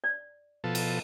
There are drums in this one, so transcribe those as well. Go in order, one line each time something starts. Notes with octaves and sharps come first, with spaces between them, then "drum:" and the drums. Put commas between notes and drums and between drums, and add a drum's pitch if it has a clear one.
D5
B2 F3 A4
drum: cymbal